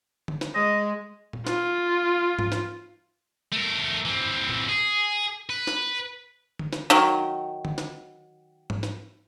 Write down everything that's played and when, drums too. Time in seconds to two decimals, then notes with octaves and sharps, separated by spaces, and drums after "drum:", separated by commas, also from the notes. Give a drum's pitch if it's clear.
0.28 drum: tom D3
0.41 drum: snare
0.55 G#3 D#5
1.33 drum: tom A#2
1.47 F4, drum: snare
2.39 drum: tom G#2
2.52 drum: snare
3.52 A3 A#4
4.05 E3 C4
4.49 drum: tom A#2
4.69 G#4
5.50 B4
5.67 drum: snare
6.59 drum: tom D3
6.73 drum: snare
6.90 D#3 F#3
7.65 drum: tom D3
7.78 drum: snare
8.70 drum: tom G#2
8.83 drum: snare